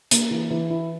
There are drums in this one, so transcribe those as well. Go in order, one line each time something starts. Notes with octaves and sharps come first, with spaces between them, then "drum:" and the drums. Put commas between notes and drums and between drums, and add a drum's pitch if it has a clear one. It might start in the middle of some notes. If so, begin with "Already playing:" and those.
A#3, drum: hi-hat
E3
E3
E4